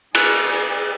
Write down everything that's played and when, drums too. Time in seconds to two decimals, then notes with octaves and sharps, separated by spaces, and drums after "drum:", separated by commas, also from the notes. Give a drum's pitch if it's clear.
0.15 G#4 D5 G#5 F#6, drum: cymbal